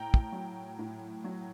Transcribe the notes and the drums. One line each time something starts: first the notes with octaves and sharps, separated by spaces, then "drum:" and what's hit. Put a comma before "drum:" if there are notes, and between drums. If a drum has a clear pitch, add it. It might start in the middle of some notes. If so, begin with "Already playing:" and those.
Already playing: A2 G5 A#5
drum: kick
F#3
A2
F#3